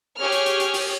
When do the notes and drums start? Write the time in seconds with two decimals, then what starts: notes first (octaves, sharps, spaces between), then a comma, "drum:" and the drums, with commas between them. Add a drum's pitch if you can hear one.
0.18 G4 G#4 C#5 F6
0.32 drum: hi-hat
0.46 drum: hi-hat
0.60 drum: hi-hat
0.73 drum: open hi-hat